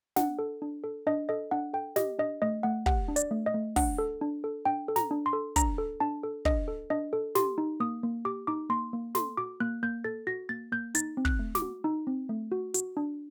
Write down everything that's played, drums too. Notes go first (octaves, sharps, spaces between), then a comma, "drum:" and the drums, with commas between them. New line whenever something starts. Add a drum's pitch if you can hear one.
D4 F#5, drum: snare
A4
D4
A4
D4 D#5
A4 D#5
D4 F#5
A4 G5
G4 D#5, drum: snare
D4 D#5
A3 D#5
A3 F#5
G4 F#5, drum: kick
D4
D5, drum: hi-hat
A3
D#5
A3
D4 F#5, drum: kick, open hi-hat
A4
D4
A4
D4 G5
A4
A#5, drum: snare
D4
C6
A4
D4 A#5, drum: kick, hi-hat
A4
D4 A5
A4
D4 D#5, drum: kick
A4
D4 D#5
A4
G4 C6, drum: snare
D#4
A#3 D#6
A#3
G4 D6
D#4 D6
A#3 C6
A#3
A4 C6, drum: snare
F#4 D6
A#3 F#6
A#3 G6
A4 A6
F#4 A#6
A#3 A6
A#3 G6
D#4 A6, drum: hi-hat
C4
F#6, drum: kick
A3
D6, drum: snare
F#4
D#4
C4
A3
F#4
F#4, drum: hi-hat
D4